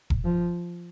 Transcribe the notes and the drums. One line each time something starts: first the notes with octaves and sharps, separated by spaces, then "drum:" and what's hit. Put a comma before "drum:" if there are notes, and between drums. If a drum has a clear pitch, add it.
drum: kick E1
F3